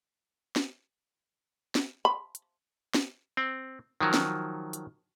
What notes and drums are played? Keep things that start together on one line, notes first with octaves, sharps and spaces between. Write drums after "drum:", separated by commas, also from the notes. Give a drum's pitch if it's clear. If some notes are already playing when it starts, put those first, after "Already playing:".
drum: snare
drum: snare
B5
drum: hi-hat
drum: snare
C4
D#3 F3 F#3
drum: snare
drum: hi-hat